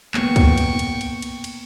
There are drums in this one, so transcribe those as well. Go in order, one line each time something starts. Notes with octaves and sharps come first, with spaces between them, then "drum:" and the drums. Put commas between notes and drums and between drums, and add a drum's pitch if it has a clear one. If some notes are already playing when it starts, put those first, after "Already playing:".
A#3 B3 G5 C#6, drum: clap
drum: kick, cymbal
drum: cymbal
drum: cymbal
drum: cymbal
drum: cymbal
drum: cymbal